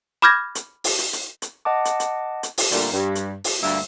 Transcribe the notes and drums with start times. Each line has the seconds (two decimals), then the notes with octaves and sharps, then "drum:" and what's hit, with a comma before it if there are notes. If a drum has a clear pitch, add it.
0.22 B5 D6 F6 G6 G#6 A#6
0.55 drum: hi-hat
0.84 drum: open hi-hat
0.99 drum: hi-hat
1.13 drum: hi-hat
1.42 drum: hi-hat
1.65 D#5 F#5 A5 D6
1.85 drum: hi-hat
2.00 drum: hi-hat
2.43 drum: hi-hat
2.58 drum: open hi-hat
2.72 A#2 D3 G3 A3 A#3, drum: hi-hat
2.92 G2
3.15 drum: hi-hat
3.44 drum: open hi-hat
3.62 D2 G2 A3 A#3 E5